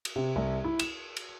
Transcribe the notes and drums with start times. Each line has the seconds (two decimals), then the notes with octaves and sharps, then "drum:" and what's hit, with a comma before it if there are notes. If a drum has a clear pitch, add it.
0.05 drum: cymbal
0.16 C3
0.36 C2
0.64 E4
0.79 E7, drum: cymbal
1.17 drum: cymbal